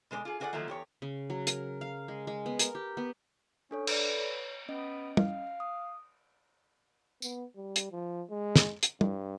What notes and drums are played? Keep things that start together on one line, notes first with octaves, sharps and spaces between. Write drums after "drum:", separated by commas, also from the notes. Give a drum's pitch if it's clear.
B2 G#3 B4 D5
F4 G#4
F4 F#4 G#4 C#5 D5 F#5
D#3 F3 F#3 A3 A#3
E2 G4 C#5
C#3
F#3
A#4, drum: hi-hat
F5
G#3
G#3
B3
A#4, drum: hi-hat
G4
B3
C#4 D4 A4 C#5
A4 B4 D5, drum: cymbal
C#5
B3 C#4 D#5
F5, drum: tom
D#6
B3, drum: tambourine
G3
drum: hi-hat
F3
G#3
drum: snare
drum: hi-hat
G2, drum: tom